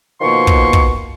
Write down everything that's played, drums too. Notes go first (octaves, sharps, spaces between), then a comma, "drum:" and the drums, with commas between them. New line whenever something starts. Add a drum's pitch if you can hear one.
B2 D#3 F3 A#3 C6 C#6
drum: kick
drum: kick